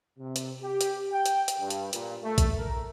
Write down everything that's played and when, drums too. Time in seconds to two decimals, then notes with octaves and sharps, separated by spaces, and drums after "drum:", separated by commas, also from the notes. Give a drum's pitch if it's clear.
0.19 C3
0.36 drum: hi-hat
0.63 G4
0.81 drum: hi-hat
1.12 G5
1.26 drum: hi-hat
1.48 drum: hi-hat
1.60 G2
1.70 drum: hi-hat
1.93 A#2, drum: hi-hat
2.24 A3
2.38 drum: kick B1, hi-hat
2.57 A#4